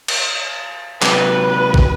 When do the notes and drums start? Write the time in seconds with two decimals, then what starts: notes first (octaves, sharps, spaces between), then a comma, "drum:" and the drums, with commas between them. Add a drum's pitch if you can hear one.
0.08 drum: cymbal
1.02 C3 F#3 B4, drum: clap
1.74 drum: kick